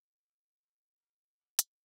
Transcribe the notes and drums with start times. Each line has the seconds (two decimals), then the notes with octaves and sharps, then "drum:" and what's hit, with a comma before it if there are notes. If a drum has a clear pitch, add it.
0.19 B3 D#4 G4 B4 E5
0.57 D#4 F#4 A4 C5
0.96 G3 B3 D#4 F#4 A#4
1.35 E4 A4 D5 F#5
1.59 drum: hi-hat